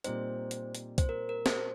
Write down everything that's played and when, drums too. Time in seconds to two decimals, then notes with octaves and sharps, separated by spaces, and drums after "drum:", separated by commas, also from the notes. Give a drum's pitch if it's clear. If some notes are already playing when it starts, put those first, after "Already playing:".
0.04 A#2 G3 C4 D#4 C5, drum: hi-hat
0.51 drum: hi-hat
0.75 drum: hi-hat
0.98 C5, drum: kick, hi-hat
1.09 A#4
1.29 A#4
1.46 C5, drum: snare